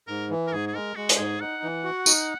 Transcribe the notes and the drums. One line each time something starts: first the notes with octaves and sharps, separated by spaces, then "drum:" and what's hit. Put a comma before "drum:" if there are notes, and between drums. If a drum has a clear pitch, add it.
G#2 A#4
E3
A#4
G#2 G#4
G#4
G#3 A#4
G#3 F#4
drum: hi-hat
G#2 G#4
D#4 F#5
E3
F#4
D#4, drum: tambourine